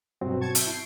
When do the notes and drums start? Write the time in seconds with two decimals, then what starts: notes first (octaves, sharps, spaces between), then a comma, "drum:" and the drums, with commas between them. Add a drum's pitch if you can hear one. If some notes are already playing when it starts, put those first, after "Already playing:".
0.21 G1 B2 F#3 C4 F#4
0.40 A5 C#6 G#6
0.55 E5 A5 G6, drum: hi-hat
0.67 E4 C7 D7